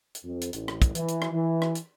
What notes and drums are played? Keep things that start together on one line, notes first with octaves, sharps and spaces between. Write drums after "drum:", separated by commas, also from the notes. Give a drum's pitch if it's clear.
drum: hi-hat
F2
drum: hi-hat
A1, drum: hi-hat
drum: rim click
drum: kick, hi-hat
E3, drum: hi-hat
drum: hi-hat
drum: rim click
E3
drum: rim click
drum: hi-hat